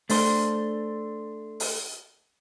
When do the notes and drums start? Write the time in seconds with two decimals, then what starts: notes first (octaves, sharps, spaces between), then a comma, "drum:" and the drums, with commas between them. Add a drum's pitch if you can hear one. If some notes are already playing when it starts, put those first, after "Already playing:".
0.10 A3 D4 C5, drum: open hi-hat
1.60 drum: open hi-hat